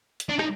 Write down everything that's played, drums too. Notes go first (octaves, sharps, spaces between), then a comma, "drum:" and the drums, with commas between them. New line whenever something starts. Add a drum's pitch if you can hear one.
drum: hi-hat
D4
D#4, drum: rim click